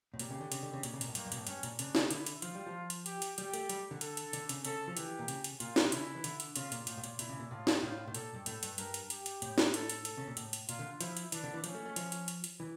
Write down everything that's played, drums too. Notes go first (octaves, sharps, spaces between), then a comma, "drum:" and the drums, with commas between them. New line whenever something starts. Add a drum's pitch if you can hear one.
A2
A#2 G4, drum: hi-hat
C#3
D3
C#3, drum: hi-hat
D3
C#3
A#2, drum: hi-hat
C#3
A#2, drum: hi-hat
A2
G2 A#3, drum: hi-hat
G2
A#2, drum: hi-hat
A2
G2 C#4, drum: hi-hat
A#2, drum: hi-hat
C#3 D4, drum: hi-hat
drum: snare
D3 E4, drum: hi-hat
drum: hi-hat
F3 F4, drum: hi-hat
G3
F3
drum: hi-hat
G4, drum: hi-hat
drum: hi-hat
G3 G4, drum: hi-hat
A3, drum: hi-hat
G3, drum: hi-hat
D3
A4, drum: hi-hat
drum: hi-hat
D3, drum: hi-hat
C#3, drum: hi-hat
C#3 A4, drum: hi-hat
F3
E3 G4, drum: hi-hat
A#2
C#3, drum: hi-hat
drum: hi-hat
A#2 F4, drum: hi-hat
drum: snare
C#3 E4, drum: hi-hat
E3
D3, drum: hi-hat
drum: hi-hat
C#3 F4, drum: hi-hat
A#2, drum: hi-hat
A2 F4, drum: hi-hat
A2
A#2, drum: hi-hat
A#2 E4, drum: hi-hat
C#3
A#2
A2 F4
drum: snare
A2 F4
A2
A#2 A4, drum: hi-hat
G2
A2 A4, drum: hi-hat
G2, drum: hi-hat
G2 A#4, drum: hi-hat
drum: hi-hat
G4, drum: hi-hat
drum: hi-hat
A2, drum: hi-hat
drum: snare
A4, drum: hi-hat
drum: hi-hat
A4, drum: hi-hat
C#3
A#2
A2, drum: hi-hat
drum: hi-hat
A#2 F4, drum: hi-hat
D3
F3 E4, drum: hi-hat
drum: hi-hat
E3 D4, drum: hi-hat
D3
E3
F3 C#4, drum: hi-hat
A3
A3
F3, drum: hi-hat
drum: hi-hat
drum: hi-hat
drum: hi-hat
E3